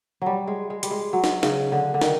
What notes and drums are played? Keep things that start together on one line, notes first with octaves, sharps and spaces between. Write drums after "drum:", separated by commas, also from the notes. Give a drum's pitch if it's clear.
F#3 G3
G#3
G#3
G3, drum: hi-hat
G#3
F#3
drum: snare
C#3, drum: snare
D3
D3
D#3, drum: snare